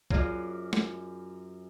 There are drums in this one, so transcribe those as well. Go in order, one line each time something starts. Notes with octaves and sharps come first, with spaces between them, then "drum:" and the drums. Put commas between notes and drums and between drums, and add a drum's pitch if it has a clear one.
F#2 F4 G#4 D5 D#5 F#6, drum: kick
drum: snare